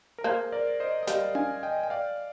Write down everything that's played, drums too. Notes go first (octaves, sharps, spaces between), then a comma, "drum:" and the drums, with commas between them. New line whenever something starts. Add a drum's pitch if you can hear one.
A#4
A#3 G#4 C5
A#4 D5
C5 D#5
D#5
G3 D5 F5, drum: snare
F5 G#5, drum: tom C#4
D#5 G5
G5
D5 F5